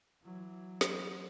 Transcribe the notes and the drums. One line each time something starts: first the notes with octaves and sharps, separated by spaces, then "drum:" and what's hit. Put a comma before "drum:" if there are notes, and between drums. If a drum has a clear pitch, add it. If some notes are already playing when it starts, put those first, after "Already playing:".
E3 F#3
drum: snare